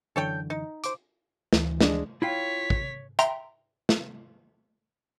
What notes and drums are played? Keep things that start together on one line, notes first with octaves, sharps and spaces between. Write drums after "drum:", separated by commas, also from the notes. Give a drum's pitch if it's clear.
F#2 D3 E3 A4 C#5 G5
D#4
C5 D6, drum: hi-hat
D2 E3, drum: snare
G#3 D4, drum: snare
E4 F4 C#5 G5 B6
drum: kick
E5 G5 A#5 C6, drum: hi-hat
drum: snare